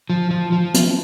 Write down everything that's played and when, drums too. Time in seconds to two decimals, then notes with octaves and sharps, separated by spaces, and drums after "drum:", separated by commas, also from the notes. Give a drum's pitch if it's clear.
0.10 F3
0.31 F3
0.52 F3
0.74 drum: hi-hat